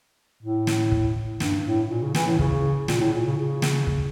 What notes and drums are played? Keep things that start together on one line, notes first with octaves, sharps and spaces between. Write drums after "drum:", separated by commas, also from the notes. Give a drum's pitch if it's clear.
A2
drum: snare
drum: kick
G2, drum: snare
A2
A#2
C#3
E3, drum: snare
A2
C#3, drum: kick
A#2, drum: snare
A2
A#2
C#3
C#3
drum: snare
drum: kick